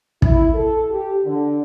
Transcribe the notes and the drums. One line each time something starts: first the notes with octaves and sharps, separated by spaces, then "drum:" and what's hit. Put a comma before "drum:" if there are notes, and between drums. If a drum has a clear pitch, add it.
E4, drum: kick
A4
G4
D3